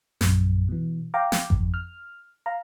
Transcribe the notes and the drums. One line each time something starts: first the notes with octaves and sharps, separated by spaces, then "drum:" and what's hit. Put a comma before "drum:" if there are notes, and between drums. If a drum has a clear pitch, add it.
A#1 F#2, drum: snare
B2 E3
F5 G5 A#5 D6
drum: snare
drum: kick G#1
F2
F6
F5 A#5